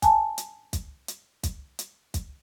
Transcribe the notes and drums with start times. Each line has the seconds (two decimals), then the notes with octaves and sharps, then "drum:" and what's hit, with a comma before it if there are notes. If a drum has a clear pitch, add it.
0.02 G#5 A5, drum: kick, hi-hat
0.38 drum: hi-hat
0.73 drum: kick, hi-hat
1.08 drum: hi-hat
1.43 drum: kick, hi-hat
1.79 drum: hi-hat
2.14 drum: kick, hi-hat